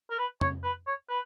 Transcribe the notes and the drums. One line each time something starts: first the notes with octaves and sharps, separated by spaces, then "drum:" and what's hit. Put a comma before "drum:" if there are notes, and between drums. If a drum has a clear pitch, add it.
A#4
B4
C#5, drum: tom
B4
C#5
B4